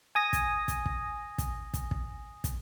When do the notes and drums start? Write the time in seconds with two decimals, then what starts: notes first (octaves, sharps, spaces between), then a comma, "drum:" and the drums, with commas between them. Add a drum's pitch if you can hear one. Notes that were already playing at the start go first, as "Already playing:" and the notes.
0.15 G#5 D#6 A#6
0.33 drum: kick, hi-hat
0.68 drum: kick, hi-hat
0.86 drum: kick
1.38 drum: kick, hi-hat
1.74 drum: kick, hi-hat
1.91 drum: kick
2.44 drum: kick, hi-hat